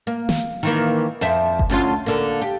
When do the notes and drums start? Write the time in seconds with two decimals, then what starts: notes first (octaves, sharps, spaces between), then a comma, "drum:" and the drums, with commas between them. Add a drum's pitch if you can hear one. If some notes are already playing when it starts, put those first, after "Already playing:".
0.07 A#3
0.29 drum: snare
0.63 D#3 E3 A#3
1.21 F2 C5 E5
1.59 drum: kick G1
1.70 D2 C#4 F4
2.06 D3 A#3
2.42 G4